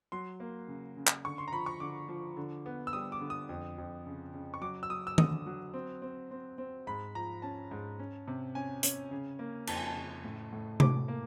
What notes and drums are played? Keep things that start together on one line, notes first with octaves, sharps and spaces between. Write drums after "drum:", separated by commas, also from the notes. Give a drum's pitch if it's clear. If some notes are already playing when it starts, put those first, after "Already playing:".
F#3 C6
A#3
C#3
C#3
drum: clap
D3 C#6
C6
A#5
F3 B5
C#6
D3 D6
F3
D3
B3
E6
G3 D#6
D6
D3
D#6
F2
F2
C#3
C#3
C#6
F#3 D6
E6
F#3 D#6
E6
D3 D#6, drum: tom D#3
F#3
C4
C4
C4
C4
G#2 B5
F3 A#5
C#4 A5
G#2
C#4
C3
C#4 G#5
C#4, drum: hi-hat
C#3
A#3
F2 A5, drum: cymbal
G#5
A5
C#3
A2
A2
A2 D6, drum: tom C3
A#3